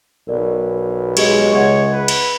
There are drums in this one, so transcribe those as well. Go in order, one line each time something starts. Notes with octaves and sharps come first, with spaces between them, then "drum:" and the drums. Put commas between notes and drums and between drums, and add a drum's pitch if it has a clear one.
B1 A#4 D5
G#3 G4 C#5, drum: cymbal
C#2 C#5 E5 F#5
B4
drum: cymbal